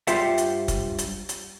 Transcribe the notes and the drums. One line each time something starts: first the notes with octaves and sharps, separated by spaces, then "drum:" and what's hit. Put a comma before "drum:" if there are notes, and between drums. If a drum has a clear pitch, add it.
G2 F4 G4 C5 E5 F#5, drum: hi-hat
drum: hi-hat
drum: kick, hi-hat
drum: hi-hat
drum: hi-hat